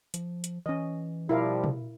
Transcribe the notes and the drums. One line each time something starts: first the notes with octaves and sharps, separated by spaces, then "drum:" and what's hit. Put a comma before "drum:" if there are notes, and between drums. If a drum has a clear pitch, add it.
F3, drum: hi-hat
drum: hi-hat
E3 C#4 D#5
B2 F3 G3 E4 A#4 F5
drum: tom